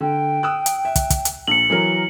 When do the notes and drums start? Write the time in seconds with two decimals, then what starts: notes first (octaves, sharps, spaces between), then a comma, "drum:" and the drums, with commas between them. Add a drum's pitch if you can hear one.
0.01 D3 G5
0.43 D#6 E6 F#6
0.66 drum: hi-hat
0.85 E5
0.96 drum: kick, hi-hat
1.10 drum: kick, hi-hat
1.25 drum: hi-hat
1.48 A#1 C#7 F#7
1.70 E3 F#3 A#4